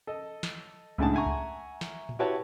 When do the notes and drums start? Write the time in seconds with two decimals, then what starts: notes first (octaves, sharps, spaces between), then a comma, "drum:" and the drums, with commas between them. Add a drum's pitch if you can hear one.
0.07 A4 D#5
0.43 drum: snare
0.98 C#2 A2 G#3 D4 F#5 A5, drum: kick C#2
1.14 E5 F#5 G#5 A#5 C#6
1.26 drum: kick C#2
1.81 drum: snare
2.09 drum: tom A2
2.19 E4 F#4 G4 B4 C#5 A5